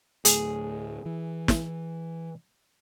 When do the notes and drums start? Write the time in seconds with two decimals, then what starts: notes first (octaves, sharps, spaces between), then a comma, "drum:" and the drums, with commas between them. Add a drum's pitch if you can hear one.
0.25 D2 A2 G#4, drum: hi-hat
1.06 E3
1.48 drum: snare